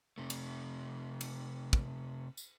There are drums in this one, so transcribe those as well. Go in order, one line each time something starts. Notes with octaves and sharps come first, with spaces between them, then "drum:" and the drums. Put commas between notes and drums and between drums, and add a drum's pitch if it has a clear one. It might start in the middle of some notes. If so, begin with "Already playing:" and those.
C3 A3
drum: cymbal
drum: cymbal
drum: kick
drum: tambourine